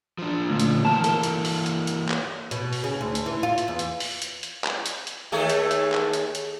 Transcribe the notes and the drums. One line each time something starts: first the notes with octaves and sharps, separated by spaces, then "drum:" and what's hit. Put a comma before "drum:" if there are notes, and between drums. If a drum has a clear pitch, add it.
F3 D4
D2 A#2 C#3 F3
drum: hi-hat
E3 A#3 A#4 A5
A4, drum: hi-hat
drum: hi-hat
drum: open hi-hat
drum: hi-hat
drum: hi-hat
drum: clap
B2, drum: hi-hat
drum: open hi-hat
C#3
D2
drum: hi-hat
E3
F4
drum: hi-hat
E2
drum: hi-hat
drum: open hi-hat
drum: hi-hat
drum: hi-hat
drum: clap
drum: hi-hat
drum: hi-hat
D#2 A3 G#4
drum: hi-hat
drum: hi-hat
drum: clap
drum: hi-hat
drum: hi-hat